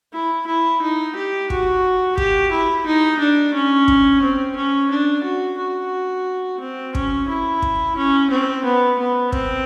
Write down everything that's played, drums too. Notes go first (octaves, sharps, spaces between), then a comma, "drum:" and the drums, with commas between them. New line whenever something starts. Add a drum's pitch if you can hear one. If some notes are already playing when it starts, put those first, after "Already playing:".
E4
E4
D#4
G4
F#4, drum: kick
G4, drum: kick
E4
D#4
D4
C#4
drum: kick
C4
C#4
D4
F#4
F#4
C4
C#4, drum: kick
E4
drum: kick
C#4
C4
B3
B3
C4, drum: kick